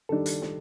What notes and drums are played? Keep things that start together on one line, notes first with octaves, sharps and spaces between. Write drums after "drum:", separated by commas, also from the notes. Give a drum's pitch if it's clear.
D#3 G3 D4 A4
drum: hi-hat
drum: snare